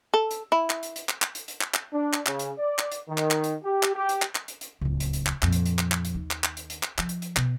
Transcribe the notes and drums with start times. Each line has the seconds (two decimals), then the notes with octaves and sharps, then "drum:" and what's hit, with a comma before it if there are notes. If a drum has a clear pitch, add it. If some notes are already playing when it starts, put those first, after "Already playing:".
0.14 A4
0.31 drum: hi-hat
0.52 E4
0.70 drum: clap
0.83 drum: hi-hat
0.96 drum: hi-hat
1.09 drum: clap
1.22 drum: clap
1.35 drum: hi-hat
1.48 drum: hi-hat
1.61 drum: clap
1.74 drum: clap
1.92 D4
2.13 drum: clap
2.26 C#3, drum: clap
2.39 drum: hi-hat
2.58 D5
2.79 drum: clap
2.92 drum: hi-hat
3.08 D#3
3.18 drum: clap
3.31 drum: clap
3.44 drum: hi-hat
3.63 G4
3.83 drum: clap
3.94 G4
4.09 drum: hi-hat
4.22 drum: clap
4.35 drum: clap
4.48 drum: hi-hat
4.61 drum: hi-hat
4.81 D1 C#2
5.00 drum: hi-hat
5.13 drum: hi-hat
5.26 drum: clap
5.42 F2 A#2, drum: clap
5.52 drum: hi-hat
5.66 drum: hi-hat
5.79 drum: clap
5.92 drum: clap
6.05 drum: hi-hat
6.14 D#2
6.31 drum: clap
6.44 drum: clap
6.57 drum: hi-hat
6.70 drum: hi-hat
6.83 drum: clap
6.98 F3, drum: clap
7.09 drum: hi-hat
7.22 drum: hi-hat
7.36 B2, drum: clap